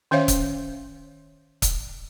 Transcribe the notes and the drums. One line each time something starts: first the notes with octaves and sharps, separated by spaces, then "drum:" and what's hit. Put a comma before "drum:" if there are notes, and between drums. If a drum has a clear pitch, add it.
D#3 C#4 C5 C#5 E5 F5
drum: kick C#1, hi-hat
drum: kick C#1, hi-hat